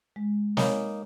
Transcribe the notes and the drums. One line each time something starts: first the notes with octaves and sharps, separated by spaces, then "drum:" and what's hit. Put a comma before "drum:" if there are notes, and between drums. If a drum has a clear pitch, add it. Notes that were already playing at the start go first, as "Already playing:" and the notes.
G#3
A#3 D#4 C#5 G#5 B5, drum: snare